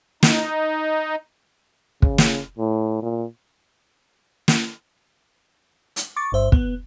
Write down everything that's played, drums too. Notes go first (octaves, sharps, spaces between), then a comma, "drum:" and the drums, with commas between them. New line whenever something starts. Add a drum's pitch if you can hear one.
D#4, drum: snare
C#3, drum: kick
drum: snare
A2
A#2
drum: snare
drum: hi-hat
C#6 D6 A6
G1 G2 C5 E5
B3, drum: kick